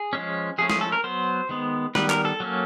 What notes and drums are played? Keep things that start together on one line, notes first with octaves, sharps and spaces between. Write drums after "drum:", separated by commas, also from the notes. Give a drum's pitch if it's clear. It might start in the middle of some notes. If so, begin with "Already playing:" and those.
Already playing: G#4
F3 G#3 C#4
F3 A3 C#4 G#4
G#4, drum: snare
A4
A#4
F#3 B3 C5
D#3 G#3 B3
D#3 G3 B3 B4, drum: snare
A#4, drum: clap
A4
F#3 A#3 C#4